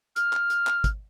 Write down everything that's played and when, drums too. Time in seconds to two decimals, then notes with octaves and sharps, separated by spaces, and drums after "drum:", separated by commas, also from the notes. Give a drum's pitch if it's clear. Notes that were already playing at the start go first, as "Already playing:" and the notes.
0.16 F6, drum: hi-hat
0.33 drum: clap
0.50 drum: hi-hat
0.67 drum: clap
0.84 drum: kick, hi-hat